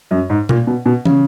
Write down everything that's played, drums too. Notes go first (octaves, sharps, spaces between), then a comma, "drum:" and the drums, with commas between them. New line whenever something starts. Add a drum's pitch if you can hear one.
F#2
G#2
A#2, drum: tom B2
B2
B2
C#3, drum: tom